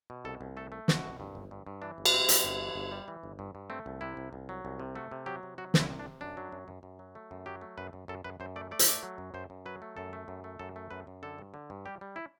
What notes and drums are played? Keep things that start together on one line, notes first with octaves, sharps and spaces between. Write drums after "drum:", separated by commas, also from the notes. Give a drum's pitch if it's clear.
B2
C2 A4
C2
A3 A4
A3
B2 F#4, drum: snare
C2
G2
G1
G2
G2
E3 D4
G1
D4, drum: cymbal
E3 C4
G3, drum: hi-hat
G1
E3
G1
G3
E3
G1
G2
G2
A3 C4
C2
C3 E4
C2
C2
F#3
C2
C3
A3 F#4
C3
F#3 G4
C3
F#3 F#4
C2, drum: snare
E4
C3
D4
C3
F#2 D4
F#3
F#2
F#2
F#2
F#3
A3
F#2
F#3 G4
A3
F#2 B4
F#2
F#2 A4
F#2 B4
F#2 C5
A3 D5
A3 D5
C5, drum: hi-hat
A3 D5
F#3
F#2
F#2 C5
F#2
F#3 B4
A3
F#2 A4
A3
F#2
A3
F#2 A4
A3
F#2 B4
F#2
D3 A4
G2
D3
G2
G3 G4
G3
E4